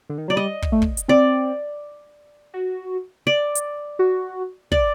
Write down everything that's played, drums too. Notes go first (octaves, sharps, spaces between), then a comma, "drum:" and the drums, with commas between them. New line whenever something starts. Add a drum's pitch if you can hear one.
D3
D#3
F#3 D5
G3 D#5
drum: kick
A3
drum: kick
drum: hi-hat
C4 D5
F#4
D5
drum: hi-hat
F#4
D5, drum: kick